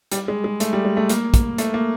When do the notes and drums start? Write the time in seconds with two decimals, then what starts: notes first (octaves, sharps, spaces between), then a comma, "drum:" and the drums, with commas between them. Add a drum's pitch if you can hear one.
0.12 G3, drum: hi-hat
0.28 G#3
0.44 G#3
0.60 A3, drum: hi-hat
0.73 G3
0.85 G#3
0.97 A3
1.10 A#3, drum: hi-hat
1.34 drum: kick, hi-hat
1.58 A3, drum: hi-hat
1.74 A#3